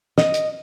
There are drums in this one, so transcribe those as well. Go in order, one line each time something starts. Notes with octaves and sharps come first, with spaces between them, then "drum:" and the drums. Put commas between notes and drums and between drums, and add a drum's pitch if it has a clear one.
D#5, drum: snare
drum: hi-hat